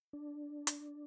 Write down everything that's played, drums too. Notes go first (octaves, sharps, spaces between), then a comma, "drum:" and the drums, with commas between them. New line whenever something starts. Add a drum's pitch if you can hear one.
D4
drum: hi-hat